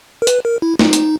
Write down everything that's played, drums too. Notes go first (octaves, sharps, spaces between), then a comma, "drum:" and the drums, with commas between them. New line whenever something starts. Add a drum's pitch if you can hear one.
A#4
B4, drum: hi-hat
A#4
E4
D#4, drum: snare
drum: hi-hat